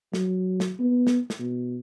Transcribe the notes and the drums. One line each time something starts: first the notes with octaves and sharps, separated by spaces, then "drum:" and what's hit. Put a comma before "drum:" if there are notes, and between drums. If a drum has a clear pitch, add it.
F#3, drum: snare
drum: snare
B3
drum: snare
drum: snare
B2